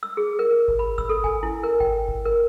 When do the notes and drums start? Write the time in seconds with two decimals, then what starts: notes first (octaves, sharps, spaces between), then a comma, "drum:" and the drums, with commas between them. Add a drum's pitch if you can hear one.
0.03 E6
0.17 G#4
0.39 A#4
0.51 A#4
0.68 drum: kick G#1
0.79 B5
0.98 E6, drum: kick G#1
1.09 A4
1.24 G#5, drum: kick G#1
1.43 E4
1.64 A#4
1.80 G5, drum: kick G#1
2.08 drum: kick G#1
2.26 A#4